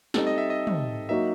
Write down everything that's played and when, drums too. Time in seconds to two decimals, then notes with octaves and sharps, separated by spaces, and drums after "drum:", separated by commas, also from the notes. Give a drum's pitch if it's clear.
0.14 G3 C4 D#4 A4, drum: snare
0.27 D#5
0.38 E5
0.50 D#5
0.67 drum: tom
1.09 F#3 A#3 D#4 F#4 E5